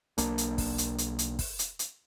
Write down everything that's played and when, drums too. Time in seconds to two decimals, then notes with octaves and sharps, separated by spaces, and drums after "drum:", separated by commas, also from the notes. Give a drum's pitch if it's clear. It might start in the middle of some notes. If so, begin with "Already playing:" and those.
0.18 B1 A#3 D4, drum: hi-hat
0.38 drum: hi-hat
0.58 drum: kick, open hi-hat
0.78 drum: hi-hat
0.98 drum: hi-hat
1.19 drum: hi-hat
1.39 drum: kick, open hi-hat
1.59 drum: hi-hat
1.79 drum: hi-hat